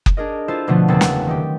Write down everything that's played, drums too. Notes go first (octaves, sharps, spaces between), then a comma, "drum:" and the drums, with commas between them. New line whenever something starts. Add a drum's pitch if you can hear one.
drum: kick F#1
D4 G#4 A#4 D#5
E4 F4 A4 C5
B2 D3 F3 A3 B3
F#1 E2 C4 F#5 E6 A6
drum: snare
D#3 G4